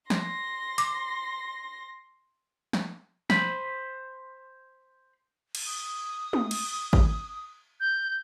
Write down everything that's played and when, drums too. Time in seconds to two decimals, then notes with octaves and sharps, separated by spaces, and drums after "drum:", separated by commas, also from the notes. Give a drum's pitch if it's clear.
0.10 C6 A#6, drum: snare
0.78 D6, drum: hi-hat
2.73 drum: snare
3.30 C5 B5, drum: snare
5.55 drum: cymbal
5.66 D#6
6.33 drum: tom
6.51 drum: cymbal
6.93 drum: kick G#1
7.80 G6